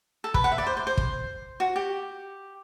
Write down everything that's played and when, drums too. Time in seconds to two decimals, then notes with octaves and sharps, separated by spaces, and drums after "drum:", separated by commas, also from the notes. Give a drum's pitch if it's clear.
0.24 A4
0.34 B4, drum: kick
0.44 F#5
0.52 E5
0.58 D5
0.66 C5
0.77 C5
0.87 C5
0.97 drum: kick
1.60 F#4
1.76 G4